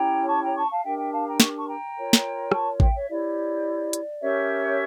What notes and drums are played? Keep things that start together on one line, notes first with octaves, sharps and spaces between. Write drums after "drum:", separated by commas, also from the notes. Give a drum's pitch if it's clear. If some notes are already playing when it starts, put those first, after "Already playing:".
Already playing: C#4 E4 G4 C#5 G5 A#5
A5 C#6
G5 A#5
A5 C#6
F5 A5
D4 G4 A#4 E5 G5
E5 G5
F5 A5
G5 A#5
C#6, drum: snare
A5 C#6
G5 A#5
F4 A#4 C#5
drum: snare
A5 C#6, drum: rim click
E5 G5, drum: kick A1
C#5 E5
E4 G4 C#5 D5
drum: hi-hat
C#4 G4 A#4 C#5 E5